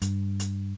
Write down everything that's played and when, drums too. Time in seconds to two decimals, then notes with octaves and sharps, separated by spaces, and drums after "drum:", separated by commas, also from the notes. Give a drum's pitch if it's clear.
0.02 G2, drum: hi-hat
0.40 drum: hi-hat